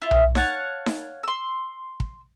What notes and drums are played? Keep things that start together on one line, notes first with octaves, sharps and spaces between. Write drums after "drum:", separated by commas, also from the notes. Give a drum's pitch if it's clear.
E4 F4
drum: tom B1
C#5 F5 F#5 A5, drum: snare D#4
drum: snare D#4
C6 E6
drum: kick